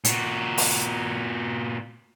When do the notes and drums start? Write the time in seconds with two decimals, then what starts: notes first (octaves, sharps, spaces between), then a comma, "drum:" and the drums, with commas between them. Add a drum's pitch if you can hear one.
0.05 A#2 F#4, drum: hi-hat
0.58 drum: open hi-hat